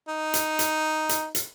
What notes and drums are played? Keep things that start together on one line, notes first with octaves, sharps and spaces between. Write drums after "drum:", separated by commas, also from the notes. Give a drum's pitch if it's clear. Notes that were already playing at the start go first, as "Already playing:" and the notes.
D#4
drum: hi-hat
drum: hi-hat
drum: hi-hat
drum: hi-hat